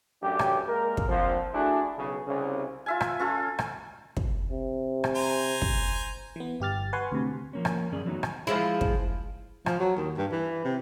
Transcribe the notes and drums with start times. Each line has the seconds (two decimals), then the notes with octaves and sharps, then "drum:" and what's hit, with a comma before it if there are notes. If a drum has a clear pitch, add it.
0.21 A1 F#2 D4 G4
0.39 drum: rim click
0.68 G#3 A#3 A#4
0.97 drum: kick
1.08 A#1 F2 F3
1.53 A3 D4 E4 F#4 G#4
1.97 B1 C#3
2.27 C2 C#3
2.86 F4 E5 G#5
3.00 drum: rim click
3.19 C#4 F4 A4
3.59 drum: rim click
4.17 drum: kick
4.51 C3
5.04 drum: rim click
5.15 C5 G#5 A#5
5.62 drum: kick
6.36 E3 B3
6.60 G1 G4 F6 A6
6.93 B4 F#5 G#5 C6 C#6
7.12 D2 C3
7.53 F3 A#3 C#4
7.65 drum: rim click
7.91 F#2 D3 C#4 G#4 D5
8.05 E3 F#3 A3 B3 D#4
8.23 drum: rim click
8.47 F3 G#3 E4
8.81 drum: kick
9.66 F3, drum: rim click
9.80 F#3
9.97 D#2
10.17 G2
10.32 E3
10.65 C3